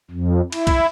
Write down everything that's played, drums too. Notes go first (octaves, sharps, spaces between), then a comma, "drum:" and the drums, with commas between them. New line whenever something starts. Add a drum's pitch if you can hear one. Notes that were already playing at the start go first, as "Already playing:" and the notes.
F2
E4, drum: cymbal
drum: kick B1, cymbal